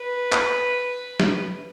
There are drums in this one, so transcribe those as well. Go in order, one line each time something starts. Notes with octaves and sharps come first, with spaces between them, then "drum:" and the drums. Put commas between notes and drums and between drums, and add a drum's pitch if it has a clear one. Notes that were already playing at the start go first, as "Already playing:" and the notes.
Already playing: B4
drum: clap
drum: snare